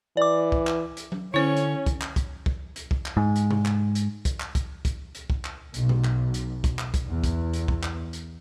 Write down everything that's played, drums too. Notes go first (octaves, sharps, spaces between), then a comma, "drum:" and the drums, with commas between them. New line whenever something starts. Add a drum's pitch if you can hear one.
E3 D5 D6
drum: kick
drum: clap
drum: hi-hat
drum: tom F#3
D3 C#4 E4 C5 C#5
drum: hi-hat
drum: kick, hi-hat
drum: clap
drum: kick, hi-hat
drum: kick
drum: hi-hat
drum: kick
drum: clap
G#2
drum: hi-hat
drum: tom C3
drum: clap
drum: hi-hat
drum: kick, hi-hat
drum: clap
drum: kick, hi-hat
drum: kick, hi-hat
drum: hi-hat
drum: kick
drum: clap
B1, drum: hi-hat
drum: tom C3
drum: clap
drum: hi-hat
drum: kick, hi-hat
drum: clap
drum: kick, hi-hat
E2
drum: kick, hi-hat
drum: hi-hat
drum: kick
drum: clap
drum: hi-hat